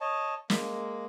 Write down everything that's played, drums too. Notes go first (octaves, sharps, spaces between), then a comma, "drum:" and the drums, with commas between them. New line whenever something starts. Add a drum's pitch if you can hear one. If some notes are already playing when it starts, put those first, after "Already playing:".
C#5 D#5 A5
G#3 A#3, drum: snare